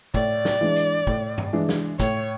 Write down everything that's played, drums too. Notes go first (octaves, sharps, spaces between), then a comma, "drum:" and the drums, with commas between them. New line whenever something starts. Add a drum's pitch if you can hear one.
A2 D5, drum: kick, hi-hat
drum: snare
E3 G#3 D4
drum: hi-hat
A2, drum: kick
drum: tom G2
E3 G#3 D4
drum: snare
A2 C#5, drum: kick, hi-hat